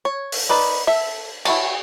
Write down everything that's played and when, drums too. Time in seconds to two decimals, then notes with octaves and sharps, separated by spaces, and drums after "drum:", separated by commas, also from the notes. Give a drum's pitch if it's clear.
0.05 C#5
0.32 drum: open hi-hat
0.49 D#4 B4 D5
0.87 A4 E5
1.45 E4 F#4 A4 C#5 A5, drum: cymbal